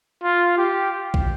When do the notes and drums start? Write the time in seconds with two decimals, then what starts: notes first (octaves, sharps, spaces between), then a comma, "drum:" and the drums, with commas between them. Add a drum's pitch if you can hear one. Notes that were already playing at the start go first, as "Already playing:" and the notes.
0.23 F4
0.58 G4
1.14 drum: kick